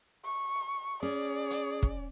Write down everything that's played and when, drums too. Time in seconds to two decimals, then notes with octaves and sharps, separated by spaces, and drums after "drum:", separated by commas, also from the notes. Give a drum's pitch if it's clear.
0.25 C#6
1.03 C#4 G#4 D5
1.50 drum: hi-hat
1.83 drum: kick